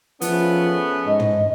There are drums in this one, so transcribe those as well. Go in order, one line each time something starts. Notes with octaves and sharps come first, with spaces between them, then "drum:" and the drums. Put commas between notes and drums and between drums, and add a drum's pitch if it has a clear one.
F3 A3 B3 C#4 G#4, drum: hi-hat
G#2 D#5
drum: tom